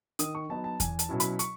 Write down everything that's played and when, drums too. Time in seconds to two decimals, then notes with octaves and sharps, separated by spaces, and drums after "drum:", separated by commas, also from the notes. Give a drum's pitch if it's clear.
0.19 D#3 D#6, drum: hi-hat
0.35 C#6
0.49 F#3 B3 D#4 A5
0.64 A5
0.80 E2 G#5, drum: kick E2, hi-hat
0.99 A5, drum: hi-hat
1.09 B2 F#3 C#4 E4
1.20 B5, drum: hi-hat
1.39 C#6, drum: hi-hat